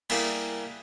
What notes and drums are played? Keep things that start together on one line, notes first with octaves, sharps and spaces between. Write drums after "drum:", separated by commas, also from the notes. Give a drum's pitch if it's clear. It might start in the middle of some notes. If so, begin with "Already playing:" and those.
G3 A#3 E4 G4 G#4, drum: cymbal